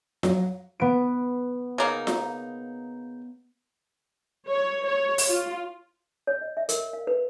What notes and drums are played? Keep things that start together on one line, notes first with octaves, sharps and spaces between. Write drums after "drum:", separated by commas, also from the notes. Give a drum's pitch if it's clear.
F#3, drum: snare F4
B3 D7
C#3 A#3 D#4
drum: snare F4
C#5
C#5
drum: open hi-hat
F4
C#5
D#5
E5
A#4, drum: hi-hat
F5
B4